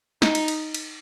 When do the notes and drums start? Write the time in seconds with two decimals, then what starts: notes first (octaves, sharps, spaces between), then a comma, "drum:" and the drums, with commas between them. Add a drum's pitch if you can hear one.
0.22 D#4, drum: snare
0.35 drum: cymbal
0.48 drum: cymbal
0.74 drum: cymbal